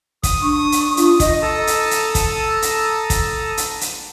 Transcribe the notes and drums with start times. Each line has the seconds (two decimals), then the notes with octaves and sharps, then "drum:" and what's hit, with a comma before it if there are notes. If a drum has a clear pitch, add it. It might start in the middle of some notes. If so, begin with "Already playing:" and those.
0.23 D#6, drum: kick, hi-hat
0.41 D4 C#6
0.72 drum: hi-hat
0.97 F4, drum: hi-hat
1.20 D#5, drum: kick, hi-hat
1.42 A4 A5 A#5 D#6 E6
1.67 drum: hi-hat
1.91 drum: hi-hat
2.15 drum: kick, hi-hat
2.62 drum: hi-hat
3.10 drum: kick, hi-hat
3.57 drum: hi-hat
3.81 drum: hi-hat